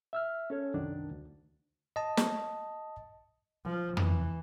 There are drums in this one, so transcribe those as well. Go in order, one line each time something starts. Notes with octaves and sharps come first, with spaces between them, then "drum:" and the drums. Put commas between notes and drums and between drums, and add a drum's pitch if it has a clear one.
E5 E6 F6
C#4 A4 C#5
C2 F#2 D3 D#3 D4
D2
D#5 A5
drum: snare
F3
E3, drum: tom